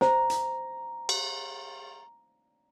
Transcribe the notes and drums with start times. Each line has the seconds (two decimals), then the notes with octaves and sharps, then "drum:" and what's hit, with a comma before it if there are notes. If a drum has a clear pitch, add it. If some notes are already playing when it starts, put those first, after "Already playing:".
0.01 C5 A#5, drum: snare
0.30 drum: hi-hat
1.09 drum: cymbal